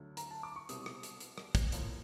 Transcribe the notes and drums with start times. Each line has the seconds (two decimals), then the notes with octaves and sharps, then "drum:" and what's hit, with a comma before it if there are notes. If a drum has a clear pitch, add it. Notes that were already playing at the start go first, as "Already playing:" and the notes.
Already playing: D2 D3 F#3 A3
0.17 A#5, drum: hi-hat
0.31 A5
0.43 D6
0.56 C#6
0.69 C2 B2 G3 C4 E4 D#6, drum: hi-hat
0.86 drum: rim click
1.03 drum: hi-hat
1.20 drum: hi-hat
1.38 drum: rim click
1.55 drum: kick, hi-hat
1.72 A2 F3 A#3, drum: hi-hat